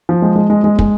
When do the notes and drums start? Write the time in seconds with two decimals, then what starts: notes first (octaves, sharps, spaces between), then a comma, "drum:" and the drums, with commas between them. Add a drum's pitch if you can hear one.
0.09 F3
0.22 G#3
0.36 G#3
0.50 G#3
0.64 G#3
0.79 G#3, drum: kick